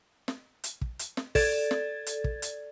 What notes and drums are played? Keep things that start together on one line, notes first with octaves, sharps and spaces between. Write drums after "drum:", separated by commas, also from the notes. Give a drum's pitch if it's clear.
drum: snare
drum: hi-hat
drum: kick
drum: hi-hat
drum: snare
A4 D5 G#6 A6, drum: kick, open hi-hat
drum: snare
drum: hi-hat
drum: kick
drum: hi-hat